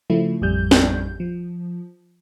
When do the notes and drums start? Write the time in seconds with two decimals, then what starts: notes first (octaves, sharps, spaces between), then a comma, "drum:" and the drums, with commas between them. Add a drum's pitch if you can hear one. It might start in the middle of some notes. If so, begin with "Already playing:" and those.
0.10 C#3 F3 A3 E4
0.42 A1 F2 G3 G6
0.71 drum: snare
1.20 F3